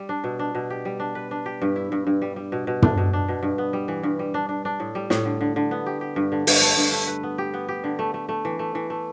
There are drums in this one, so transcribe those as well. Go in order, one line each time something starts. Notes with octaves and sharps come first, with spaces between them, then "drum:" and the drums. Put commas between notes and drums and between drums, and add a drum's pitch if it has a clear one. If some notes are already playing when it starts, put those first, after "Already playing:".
Already playing: G3
D4
B2
D4
B2
G4
G3
D4
B4
D4
G4
G2
E4
G2
G2
G3
G3
B2
B2
D4, drum: tom
B2
D4
B2
G2
B3
G3
E3
G2
G3
D4
D4
D4
A2
G3
A2, drum: snare
D3
D3
D3
B3
G4
G4
G2
D3
G2, drum: open hi-hat
A3
G2
A3
B4
B3
G4
B3
G4
D3
A3
A3
A3
E3
A3
E3
A3